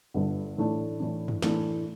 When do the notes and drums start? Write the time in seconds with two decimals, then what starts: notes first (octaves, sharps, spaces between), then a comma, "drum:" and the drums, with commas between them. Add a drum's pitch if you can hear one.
0.14 G1 G2 D3
0.57 A2 E3 A3 D4
1.00 A2 E3 A3 D4
1.28 drum: tom F#2
1.42 A2 E3 A3 D4, drum: snare